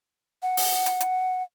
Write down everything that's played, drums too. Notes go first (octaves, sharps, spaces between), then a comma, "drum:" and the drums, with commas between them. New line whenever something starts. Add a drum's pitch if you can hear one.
F#5
drum: open hi-hat
drum: hi-hat
drum: hi-hat